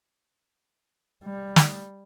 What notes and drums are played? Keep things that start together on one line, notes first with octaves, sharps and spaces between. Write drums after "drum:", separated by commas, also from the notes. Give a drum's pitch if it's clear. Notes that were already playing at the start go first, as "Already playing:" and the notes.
G3
drum: snare